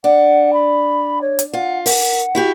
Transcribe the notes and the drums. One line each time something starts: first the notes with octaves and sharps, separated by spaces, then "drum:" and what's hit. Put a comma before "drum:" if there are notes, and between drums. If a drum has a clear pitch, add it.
D4 F#5
B5
C#5
drum: hi-hat
F4 F#5
A#4 F#5, drum: open hi-hat
E4 F#4 G4